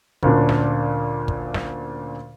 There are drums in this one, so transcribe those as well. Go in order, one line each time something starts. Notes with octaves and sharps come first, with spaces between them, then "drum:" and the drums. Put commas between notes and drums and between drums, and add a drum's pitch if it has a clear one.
D2 A#2 C#4 D4, drum: kick
drum: snare
drum: kick
drum: snare